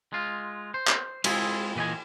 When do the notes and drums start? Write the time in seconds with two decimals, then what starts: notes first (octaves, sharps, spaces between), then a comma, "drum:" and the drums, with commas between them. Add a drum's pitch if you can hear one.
0.13 G#3 F4
0.74 C5
0.88 drum: clap
1.24 G#3 C4 E4 F4 G#4, drum: cymbal
1.76 A#2 E3 B4 D#5 G#5